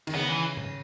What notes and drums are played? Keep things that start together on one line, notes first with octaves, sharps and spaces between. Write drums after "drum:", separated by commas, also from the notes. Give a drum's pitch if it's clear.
D#3, drum: cymbal
C#3 B3
E3
drum: tom G#2